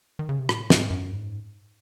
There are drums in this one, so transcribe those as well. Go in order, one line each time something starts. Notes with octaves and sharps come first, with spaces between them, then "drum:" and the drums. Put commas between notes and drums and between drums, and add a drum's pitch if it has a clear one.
D#3
C#3
C3
A2, drum: rim click
G#2, drum: snare
F#2
G#2